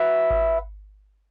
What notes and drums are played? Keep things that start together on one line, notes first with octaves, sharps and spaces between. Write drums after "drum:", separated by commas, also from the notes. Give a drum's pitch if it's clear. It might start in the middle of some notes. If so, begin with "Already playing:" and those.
Already playing: F#4 B4 E5
drum: kick G#1